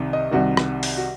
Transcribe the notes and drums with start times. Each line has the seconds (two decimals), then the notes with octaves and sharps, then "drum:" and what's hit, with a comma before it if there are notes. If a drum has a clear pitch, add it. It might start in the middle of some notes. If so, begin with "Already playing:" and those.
Already playing: C2 C3 D#3
0.13 D#5
0.31 C2 C3 D#3 F#4
0.57 drum: rim click
0.83 drum: open hi-hat
0.97 F#4